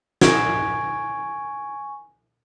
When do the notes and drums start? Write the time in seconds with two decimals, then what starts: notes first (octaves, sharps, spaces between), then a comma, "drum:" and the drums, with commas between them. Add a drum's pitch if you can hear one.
0.21 G#5 C#6 G#6 D7, drum: snare